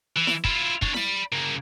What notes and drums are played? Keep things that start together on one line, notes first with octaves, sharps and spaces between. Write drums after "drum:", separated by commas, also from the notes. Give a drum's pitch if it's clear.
E3
drum: snare E4
E4 F4, drum: kick
D4 C#5, drum: kick
D5 B5, drum: snare E4
C#3 A#3